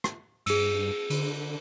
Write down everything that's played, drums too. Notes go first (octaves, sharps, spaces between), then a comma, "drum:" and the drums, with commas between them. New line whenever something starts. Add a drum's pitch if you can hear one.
drum: rim click
G2 G#4 E6, drum: cymbal
D3, drum: cymbal